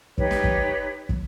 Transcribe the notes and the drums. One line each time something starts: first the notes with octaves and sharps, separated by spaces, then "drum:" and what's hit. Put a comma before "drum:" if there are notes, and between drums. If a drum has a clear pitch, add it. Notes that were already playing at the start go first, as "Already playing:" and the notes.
D#4 G4 B4 C#5, drum: kick
drum: snare
drum: kick
drum: kick